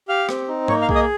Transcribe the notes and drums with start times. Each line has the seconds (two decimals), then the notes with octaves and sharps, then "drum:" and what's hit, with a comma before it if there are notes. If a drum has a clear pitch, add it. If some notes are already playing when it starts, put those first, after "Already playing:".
0.08 G4 F5 F6
0.29 C4, drum: rim click
0.48 D#4
0.68 A#3 C#5 C#6, drum: tom G#2
0.82 F5 F6
0.89 G#4, drum: kick B1
0.95 D#5 D#6